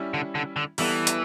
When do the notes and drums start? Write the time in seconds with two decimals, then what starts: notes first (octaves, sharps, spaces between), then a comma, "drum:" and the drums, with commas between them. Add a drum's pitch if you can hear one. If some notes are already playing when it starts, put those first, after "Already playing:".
Already playing: G3 C#4 E4
0.14 D3
0.35 D3
0.56 D3
0.78 E3 G3 B3 E4 A4, drum: open hi-hat
1.07 drum: hi-hat